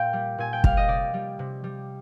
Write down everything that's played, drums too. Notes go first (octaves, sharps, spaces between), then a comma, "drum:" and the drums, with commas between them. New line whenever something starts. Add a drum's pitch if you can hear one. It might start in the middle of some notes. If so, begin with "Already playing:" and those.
Already playing: A#2 F5 G5
G3
A#2 G#5
G5
G3 F5, drum: kick
D#5
C3 D5
G3
C3
G3